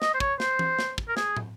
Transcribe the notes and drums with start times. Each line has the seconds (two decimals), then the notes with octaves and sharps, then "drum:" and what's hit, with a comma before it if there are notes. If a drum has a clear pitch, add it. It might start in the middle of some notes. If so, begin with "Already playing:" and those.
0.02 D#5, drum: snare
0.14 C5
0.20 C#5, drum: kick
0.40 C5, drum: snare
0.59 drum: tom E3
0.79 drum: snare
0.98 drum: kick
1.08 A#4
1.17 G#4, drum: snare
1.37 drum: tom